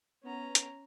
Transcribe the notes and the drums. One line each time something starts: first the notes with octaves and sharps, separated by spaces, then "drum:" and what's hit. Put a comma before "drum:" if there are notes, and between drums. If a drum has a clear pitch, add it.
B3 C#4 A#5
drum: hi-hat